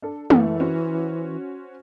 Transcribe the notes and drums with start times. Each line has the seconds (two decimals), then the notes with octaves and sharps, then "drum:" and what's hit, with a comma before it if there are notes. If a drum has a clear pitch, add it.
0.02 D4 A4
0.30 F#2 E3 A3, drum: tom
0.60 C#4 F#4 C5